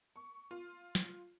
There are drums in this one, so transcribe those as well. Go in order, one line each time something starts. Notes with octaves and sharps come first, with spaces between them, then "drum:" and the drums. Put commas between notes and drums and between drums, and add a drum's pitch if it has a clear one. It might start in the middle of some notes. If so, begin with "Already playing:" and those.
C#6
F4
drum: snare